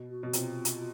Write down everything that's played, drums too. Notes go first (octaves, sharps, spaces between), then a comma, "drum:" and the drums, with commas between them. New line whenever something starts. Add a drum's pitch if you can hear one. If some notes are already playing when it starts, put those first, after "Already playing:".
Already playing: B2
F#4
B2
C3 F4, drum: hi-hat
drum: hi-hat